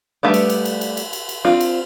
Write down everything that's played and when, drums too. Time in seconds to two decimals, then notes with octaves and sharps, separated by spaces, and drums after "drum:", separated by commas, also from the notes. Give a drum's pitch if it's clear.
0.23 G3 A3 B3 D4
0.34 drum: cymbal
0.50 drum: cymbal
0.65 drum: cymbal
0.81 drum: cymbal
0.97 drum: cymbal
1.13 drum: cymbal
1.29 drum: cymbal
1.45 C4 D4 F4
1.60 drum: cymbal